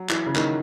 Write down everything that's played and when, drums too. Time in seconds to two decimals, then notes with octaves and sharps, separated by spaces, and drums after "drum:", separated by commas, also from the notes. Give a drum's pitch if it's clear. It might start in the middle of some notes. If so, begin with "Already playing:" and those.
Already playing: F#3
0.09 E3, drum: clap
0.26 C#3
0.35 D#3, drum: clap